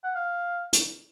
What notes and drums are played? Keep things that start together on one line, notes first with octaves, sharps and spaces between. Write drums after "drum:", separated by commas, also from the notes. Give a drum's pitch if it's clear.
F#5
F5
drum: hi-hat